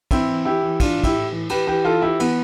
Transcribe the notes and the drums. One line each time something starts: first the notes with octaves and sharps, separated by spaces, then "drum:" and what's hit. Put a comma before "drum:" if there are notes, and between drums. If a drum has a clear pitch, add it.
E3 C4 E4, drum: kick, cymbal
E3
E3 E4 G4
E3
E3 D4 F4, drum: kick, cymbal
A2
E4 G4, drum: kick, cymbal
A2
E3
E3 G4 B4, drum: cymbal
E3 G4 B4
E3 F4 A4
E3 E4 G4
E3 B3, drum: cymbal